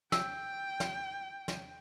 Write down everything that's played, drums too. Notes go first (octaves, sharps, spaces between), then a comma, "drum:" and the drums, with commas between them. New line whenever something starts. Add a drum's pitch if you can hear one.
G5 E6, drum: snare
drum: snare
drum: snare